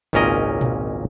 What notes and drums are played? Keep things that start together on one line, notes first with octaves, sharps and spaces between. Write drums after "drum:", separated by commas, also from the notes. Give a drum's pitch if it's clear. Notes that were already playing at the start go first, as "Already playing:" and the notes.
G#1 C#2 A#2 C#4 A#4 D#5
drum: tom A#2